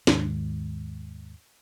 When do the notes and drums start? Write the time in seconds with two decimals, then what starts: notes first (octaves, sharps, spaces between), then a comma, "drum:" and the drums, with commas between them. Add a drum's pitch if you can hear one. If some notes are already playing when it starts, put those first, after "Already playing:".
0.07 D#2 G#2 D#3 G#3, drum: snare